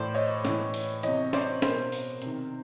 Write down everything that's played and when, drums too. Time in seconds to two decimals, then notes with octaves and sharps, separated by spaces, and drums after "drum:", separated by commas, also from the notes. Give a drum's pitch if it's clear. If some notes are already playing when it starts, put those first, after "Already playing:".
Already playing: A2 E3 C5 D5
0.15 C#5 D#5
0.45 A2 E3, drum: snare
0.74 drum: open hi-hat
1.03 C3 E3 C#5 D#5, drum: hi-hat
1.33 C5 D5, drum: snare
1.62 B2 A#4 C5, drum: snare
1.92 drum: open hi-hat
2.22 C3 D#3, drum: hi-hat